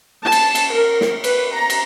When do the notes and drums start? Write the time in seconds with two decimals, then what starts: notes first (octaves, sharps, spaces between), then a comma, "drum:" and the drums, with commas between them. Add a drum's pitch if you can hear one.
0.23 A5
0.32 drum: cymbal
0.55 drum: cymbal
0.73 A#4
1.01 drum: snare
1.24 B4, drum: cymbal
1.53 A#5
1.70 drum: cymbal